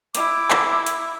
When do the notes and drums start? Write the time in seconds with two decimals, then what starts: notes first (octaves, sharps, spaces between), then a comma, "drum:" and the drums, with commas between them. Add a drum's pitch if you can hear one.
0.15 E4 D6, drum: hi-hat
0.51 drum: clap
0.86 drum: hi-hat